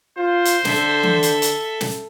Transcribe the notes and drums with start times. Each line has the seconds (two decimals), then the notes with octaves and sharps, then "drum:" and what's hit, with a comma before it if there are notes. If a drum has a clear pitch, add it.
0.18 F4 C5
0.45 drum: hi-hat
0.65 D3 A4 E5, drum: snare
1.03 drum: tom E3
1.23 drum: hi-hat
1.42 drum: hi-hat
1.81 drum: snare